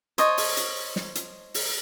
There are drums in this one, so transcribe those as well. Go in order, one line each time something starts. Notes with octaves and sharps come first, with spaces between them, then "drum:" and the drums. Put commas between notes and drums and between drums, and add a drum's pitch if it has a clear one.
C5 C#5 D#5 A5, drum: hi-hat
drum: open hi-hat
drum: hi-hat
drum: snare
drum: hi-hat
drum: open hi-hat